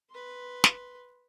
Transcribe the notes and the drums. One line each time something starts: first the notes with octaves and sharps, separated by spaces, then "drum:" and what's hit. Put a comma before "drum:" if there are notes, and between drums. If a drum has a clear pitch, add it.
B4 C6
drum: snare